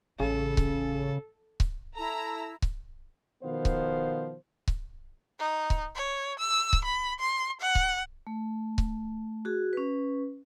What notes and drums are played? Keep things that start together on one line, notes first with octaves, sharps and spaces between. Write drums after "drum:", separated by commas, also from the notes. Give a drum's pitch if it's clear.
A1 C#3 A4
drum: kick C#1
drum: kick C#1
E4 A4 A#5 E6
drum: kick C#1
B2 D#3 F3 B3 C5 F5
drum: kick C#1
drum: kick C#1
D#4
drum: kick C#1
C#5
E6
drum: kick C#1
B5
C6
F#5
drum: kick C#1
A3
drum: kick C#1
F#4 G#4
C#4 B4